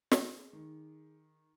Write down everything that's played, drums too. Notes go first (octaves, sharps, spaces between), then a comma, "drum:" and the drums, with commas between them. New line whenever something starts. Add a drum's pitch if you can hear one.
G#4, drum: snare
D#3